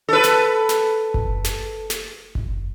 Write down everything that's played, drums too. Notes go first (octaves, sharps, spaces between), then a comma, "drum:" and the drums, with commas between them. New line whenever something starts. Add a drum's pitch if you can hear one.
A4 B4
drum: snare
drum: snare
drum: kick F#1
drum: snare
drum: snare
drum: kick F#1